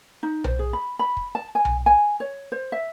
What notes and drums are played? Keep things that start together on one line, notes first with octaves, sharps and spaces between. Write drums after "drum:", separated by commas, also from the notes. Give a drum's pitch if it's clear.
D#4
C5, drum: tom B1
G#4
B5
B5
drum: kick
A5
G#5
drum: tom B1
G#5
C#5
C5
E5